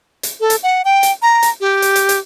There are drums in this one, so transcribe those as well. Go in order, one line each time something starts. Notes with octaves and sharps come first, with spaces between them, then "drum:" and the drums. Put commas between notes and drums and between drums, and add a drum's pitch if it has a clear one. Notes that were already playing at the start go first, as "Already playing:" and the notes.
drum: hi-hat
A4
drum: hi-hat
F#5
G5
drum: hi-hat
A#5
drum: hi-hat
G4
drum: hi-hat
drum: hi-hat
drum: hi-hat